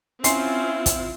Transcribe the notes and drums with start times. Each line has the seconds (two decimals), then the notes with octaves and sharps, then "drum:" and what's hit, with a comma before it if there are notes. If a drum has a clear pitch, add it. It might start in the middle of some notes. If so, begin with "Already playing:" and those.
0.24 C4 C#4 E4 F4 G#5 C6 C7, drum: hi-hat
0.86 drum: kick, hi-hat